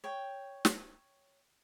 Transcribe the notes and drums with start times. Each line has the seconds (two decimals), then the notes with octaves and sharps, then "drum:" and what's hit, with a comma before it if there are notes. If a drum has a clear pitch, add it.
0.04 C#5 G5
0.65 drum: snare